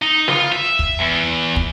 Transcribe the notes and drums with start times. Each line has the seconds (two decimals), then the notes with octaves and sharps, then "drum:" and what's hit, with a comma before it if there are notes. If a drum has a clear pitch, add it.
0.02 D#4
0.28 F4, drum: snare
0.52 E5
0.79 drum: kick
0.99 E2
1.56 drum: kick